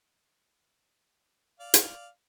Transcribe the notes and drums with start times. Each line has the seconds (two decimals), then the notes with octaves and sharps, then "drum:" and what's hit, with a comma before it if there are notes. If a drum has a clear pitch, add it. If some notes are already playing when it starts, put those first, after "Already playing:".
1.60 D5 F5
1.74 drum: hi-hat